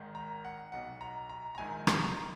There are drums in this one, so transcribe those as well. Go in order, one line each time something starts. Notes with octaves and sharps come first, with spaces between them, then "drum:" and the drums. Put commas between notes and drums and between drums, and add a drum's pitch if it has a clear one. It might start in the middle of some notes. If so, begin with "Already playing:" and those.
Already playing: G#1 G#2 D#3
A#5
F#5
B1 B2 F#5
A#5
A#5
A#5
A#1 G#2 D#3 G#5
drum: rim click
A#5